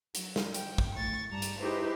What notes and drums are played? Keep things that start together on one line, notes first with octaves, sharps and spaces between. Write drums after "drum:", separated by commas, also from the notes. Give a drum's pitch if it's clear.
F#3, drum: hi-hat
drum: snare
G5, drum: hi-hat
drum: kick
A2 C#6 A6
G2 G3 A5 A#5
drum: hi-hat
D#4 E4 G4 G#4 B4 C5